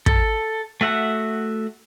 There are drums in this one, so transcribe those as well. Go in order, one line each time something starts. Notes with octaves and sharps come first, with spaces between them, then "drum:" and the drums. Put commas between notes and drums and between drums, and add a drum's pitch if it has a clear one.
A4, drum: kick
A3 F#4 E5 F#5